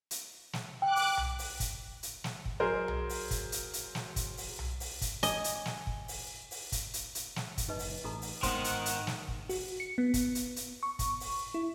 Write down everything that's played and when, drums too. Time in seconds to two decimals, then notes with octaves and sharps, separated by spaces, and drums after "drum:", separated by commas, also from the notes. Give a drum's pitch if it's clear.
0.11 drum: hi-hat
0.53 drum: snare
0.82 G5 D6 F#6
0.96 drum: open hi-hat
1.17 drum: tom B1
1.39 drum: open hi-hat
1.60 drum: kick, hi-hat
2.03 drum: hi-hat
2.24 drum: snare
2.45 drum: kick
2.60 F#3 G#4 A#4 C5
2.88 drum: tom B1
3.09 drum: open hi-hat
3.31 drum: kick, hi-hat
3.52 drum: hi-hat
3.73 drum: hi-hat
3.95 drum: snare
4.16 drum: kick, hi-hat
4.37 drum: open hi-hat
4.59 drum: tom B1
4.80 drum: open hi-hat
5.02 drum: kick, hi-hat
5.23 D#5 G#5, drum: hi-hat
5.44 drum: hi-hat
5.66 drum: snare
5.87 drum: kick
6.08 drum: open hi-hat
6.51 drum: open hi-hat
6.72 drum: kick, hi-hat
6.94 drum: hi-hat
7.15 drum: hi-hat
7.36 drum: snare
7.58 drum: kick, hi-hat
7.68 F#1 D#4 B4 D#5
7.79 drum: open hi-hat
8.04 A1 D#4 A4 A#5
8.22 drum: open hi-hat
8.43 G#2 D#3 G#3 B3 C5 F#5 C6, drum: kick, hi-hat
8.64 drum: hi-hat
8.86 drum: hi-hat
9.07 drum: snare
9.28 drum: kick
9.49 F#4, drum: open hi-hat
9.80 C#7
9.98 B3
10.14 drum: kick, hi-hat
10.35 drum: hi-hat
10.56 drum: hi-hat
10.83 C#6
10.99 drum: kick, hi-hat
11.20 drum: open hi-hat
11.54 E4